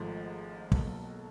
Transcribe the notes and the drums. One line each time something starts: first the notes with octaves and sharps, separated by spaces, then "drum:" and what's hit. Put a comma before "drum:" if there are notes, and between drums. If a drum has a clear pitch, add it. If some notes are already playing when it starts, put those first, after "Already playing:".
Already playing: G#1 G#2 F3 A3
B1 B2 F#3 A#3, drum: kick